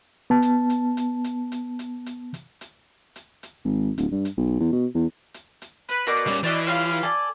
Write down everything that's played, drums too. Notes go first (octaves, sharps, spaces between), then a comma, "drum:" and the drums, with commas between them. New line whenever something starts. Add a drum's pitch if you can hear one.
B3 A5
drum: hi-hat
drum: hi-hat
drum: hi-hat
drum: hi-hat
drum: hi-hat
drum: hi-hat
drum: hi-hat
drum: hi-hat
drum: hi-hat
drum: hi-hat
drum: hi-hat
G#1
D1, drum: hi-hat
G2
drum: hi-hat
B1
E2
B2
E2
drum: hi-hat
drum: hi-hat
B4, drum: hi-hat
B2 A#4 D5 D6
drum: hi-hat
G3 C#4
B2 E3 D5 D#5, drum: hi-hat
G3 F4 C#5 F5
A4 D5 G#5